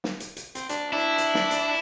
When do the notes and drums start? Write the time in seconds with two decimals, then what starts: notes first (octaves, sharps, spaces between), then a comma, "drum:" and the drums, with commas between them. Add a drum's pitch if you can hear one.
0.04 drum: snare
0.20 drum: hi-hat
0.37 drum: hi-hat
0.55 C4, drum: hi-hat
0.69 D4, drum: hi-hat
0.93 D4 E4
1.18 drum: hi-hat
1.34 drum: snare
1.51 drum: hi-hat